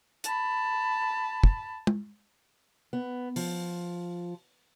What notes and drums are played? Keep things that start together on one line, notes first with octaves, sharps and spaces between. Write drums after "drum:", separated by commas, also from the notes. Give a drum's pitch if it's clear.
A5 B5, drum: hi-hat
drum: kick
drum: tom
B3
F3, drum: open hi-hat